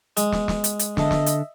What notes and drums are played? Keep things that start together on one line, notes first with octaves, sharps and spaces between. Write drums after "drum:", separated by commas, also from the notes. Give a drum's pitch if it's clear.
G#3, drum: hi-hat
drum: snare
drum: snare
drum: hi-hat
drum: hi-hat
D3 D#5 E5 A5, drum: snare
drum: snare
drum: hi-hat